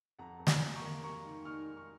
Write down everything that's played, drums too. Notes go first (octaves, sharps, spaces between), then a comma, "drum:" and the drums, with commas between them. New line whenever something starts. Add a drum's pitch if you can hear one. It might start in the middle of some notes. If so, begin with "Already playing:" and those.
F2 F#5 A#5
F2
G#5 C6, drum: snare
F2
A#5 C#6
A#3
A#3 A#5 C#6
D#3
D#4 C#6 F6
D#4
C#6